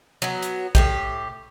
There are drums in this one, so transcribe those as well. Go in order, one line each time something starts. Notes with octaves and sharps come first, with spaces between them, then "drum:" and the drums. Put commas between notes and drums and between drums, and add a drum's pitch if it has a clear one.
F#3 B3
drum: hi-hat
A2 C3 G4, drum: kick